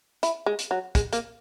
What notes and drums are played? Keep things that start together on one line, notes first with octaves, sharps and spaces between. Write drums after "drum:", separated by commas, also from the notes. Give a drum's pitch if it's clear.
E4, drum: hi-hat
G#3
drum: hi-hat
F#3
G#3, drum: kick, hi-hat
A#3, drum: hi-hat